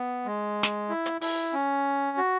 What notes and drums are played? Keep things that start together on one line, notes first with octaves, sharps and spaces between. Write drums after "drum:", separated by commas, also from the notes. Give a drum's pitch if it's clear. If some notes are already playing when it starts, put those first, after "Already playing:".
Already playing: B3
G#3
drum: snare
E4
drum: hi-hat
E4, drum: open hi-hat
C#4
F#4